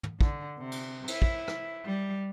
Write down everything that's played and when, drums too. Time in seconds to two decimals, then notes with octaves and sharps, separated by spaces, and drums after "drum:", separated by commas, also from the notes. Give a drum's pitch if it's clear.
0.03 drum: tom
0.21 D3, drum: kick
0.58 C3
0.72 drum: cymbal
1.08 E4, drum: cymbal
1.22 drum: kick
1.48 drum: rim click
1.85 G3